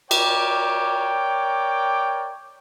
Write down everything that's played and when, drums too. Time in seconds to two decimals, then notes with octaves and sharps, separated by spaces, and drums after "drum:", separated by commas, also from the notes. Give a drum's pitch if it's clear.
0.11 A#4 C#5 D5 G5 D6, drum: cymbal